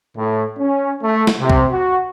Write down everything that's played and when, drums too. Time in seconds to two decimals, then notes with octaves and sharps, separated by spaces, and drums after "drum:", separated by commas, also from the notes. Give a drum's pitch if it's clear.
0.16 A2
0.59 C#4
1.03 A3
1.27 drum: snare
1.40 C3
1.50 drum: kick C2
1.71 F#4